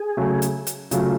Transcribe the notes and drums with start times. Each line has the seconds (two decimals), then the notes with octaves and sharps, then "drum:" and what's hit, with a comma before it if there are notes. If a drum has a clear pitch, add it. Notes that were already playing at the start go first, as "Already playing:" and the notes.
Already playing: G#4
0.17 C#3 F#3 A3
0.42 drum: hi-hat
0.67 drum: hi-hat
0.91 C#3 F#3 A3 F4, drum: hi-hat